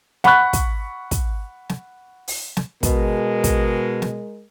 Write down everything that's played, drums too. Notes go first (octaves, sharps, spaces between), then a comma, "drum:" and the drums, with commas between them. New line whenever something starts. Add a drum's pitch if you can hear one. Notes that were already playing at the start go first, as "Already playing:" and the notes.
F#5 B5 C#6 F#6, drum: snare
drum: kick, hi-hat
drum: kick, hi-hat
drum: snare
drum: open hi-hat
drum: snare
B2 G#3 A#4, drum: kick, hi-hat
drum: kick, hi-hat
drum: snare